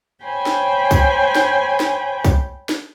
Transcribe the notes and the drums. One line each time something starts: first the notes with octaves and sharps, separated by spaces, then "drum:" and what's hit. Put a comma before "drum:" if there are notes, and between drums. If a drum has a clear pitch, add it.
C5 C#5 G5 G#5 B5
drum: snare
drum: kick C2, tambourine
drum: snare
drum: snare
drum: kick C2, tambourine
drum: snare